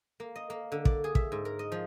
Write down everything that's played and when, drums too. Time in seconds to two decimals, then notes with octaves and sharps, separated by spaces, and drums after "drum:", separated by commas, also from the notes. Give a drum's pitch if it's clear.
0.20 A#3
0.36 D#5
0.50 A#3
0.72 D3
0.85 D5, drum: kick
1.04 G#4
1.15 E5, drum: kick
1.32 G#2
1.45 A#4
1.59 D#5
1.72 F3